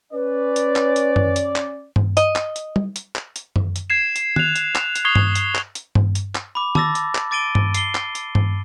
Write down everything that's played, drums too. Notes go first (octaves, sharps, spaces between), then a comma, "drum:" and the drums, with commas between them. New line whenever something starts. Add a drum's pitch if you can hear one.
C#4 B4 D5
drum: hi-hat
drum: clap
drum: hi-hat
drum: tom F#2
drum: hi-hat
drum: clap
drum: tom G2
D#5, drum: hi-hat
drum: clap
drum: hi-hat
drum: tom G3
drum: hi-hat
drum: clap
drum: hi-hat
drum: tom F#2
drum: hi-hat
G#6 C7 E7
drum: hi-hat
F#6 F7, drum: tom D#3
drum: hi-hat
drum: clap
drum: hi-hat
C#6 D#6 G#6 C7 F7 G7
drum: tom G2
drum: hi-hat
drum: clap
drum: hi-hat
drum: tom G2
drum: hi-hat
drum: clap
B5 D6
A5 D6 E6 A6 A#6, drum: tom D#3
drum: hi-hat
drum: clap
D6 A6 D7 D#7 G7
drum: tom G2
C7 G7, drum: hi-hat
drum: clap
drum: hi-hat
drum: tom G2